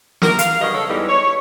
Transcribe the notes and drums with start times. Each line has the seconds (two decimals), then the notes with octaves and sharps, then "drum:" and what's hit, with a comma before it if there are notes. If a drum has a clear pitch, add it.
0.22 A#4, drum: snare
0.39 F5, drum: hi-hat
0.60 D#3 G3 F#4 G#4 B4 D#5
0.74 C#3 A4 C#5
0.89 E2 E3 G3 G#3 B3 D#4
1.09 C#5